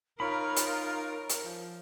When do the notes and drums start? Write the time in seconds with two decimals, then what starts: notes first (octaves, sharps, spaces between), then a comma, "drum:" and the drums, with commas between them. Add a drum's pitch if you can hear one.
0.20 D#4 F4 A#4 C#5 B5
0.56 drum: hi-hat
1.29 drum: hi-hat
1.44 F3